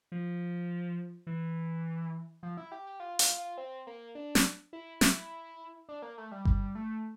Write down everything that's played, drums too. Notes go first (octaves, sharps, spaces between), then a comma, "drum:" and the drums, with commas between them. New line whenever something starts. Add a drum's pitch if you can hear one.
F3
E3
F3
E4
G4
G4
F4
F4, drum: hi-hat
F4
C4
A#3
D4
drum: snare
E4
E4, drum: snare
D4
A#3
A3
G3
G3, drum: kick G1
A3